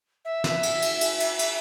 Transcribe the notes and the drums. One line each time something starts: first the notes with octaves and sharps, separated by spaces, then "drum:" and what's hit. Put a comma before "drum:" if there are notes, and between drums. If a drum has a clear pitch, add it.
E5
drum: snare
drum: cymbal
drum: cymbal
drum: cymbal
drum: cymbal
drum: cymbal